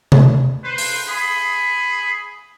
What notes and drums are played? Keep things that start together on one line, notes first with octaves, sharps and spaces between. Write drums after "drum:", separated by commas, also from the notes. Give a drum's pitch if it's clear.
drum: tom C3
B4 C5
drum: open hi-hat
G#4 B5